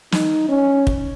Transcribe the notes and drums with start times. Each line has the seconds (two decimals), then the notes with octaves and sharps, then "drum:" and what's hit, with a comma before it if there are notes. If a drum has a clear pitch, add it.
0.12 D#4, drum: snare
0.49 C#4
0.87 drum: kick